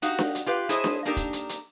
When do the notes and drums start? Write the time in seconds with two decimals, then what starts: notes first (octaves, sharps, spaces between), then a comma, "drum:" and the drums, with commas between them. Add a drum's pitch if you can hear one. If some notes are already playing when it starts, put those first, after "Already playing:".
0.02 D#4 F#4 G4 F5, drum: hi-hat
0.19 drum: snare D4
0.35 drum: hi-hat
0.46 F4 G4 B4 F5
0.69 E4 G#4 A4 C5 C#5 D#5, drum: hi-hat
0.84 drum: snare D4
1.05 A#3 D4 D#4 G4 A4 A#4
1.17 drum: kick, hi-hat
1.33 drum: hi-hat
1.49 drum: hi-hat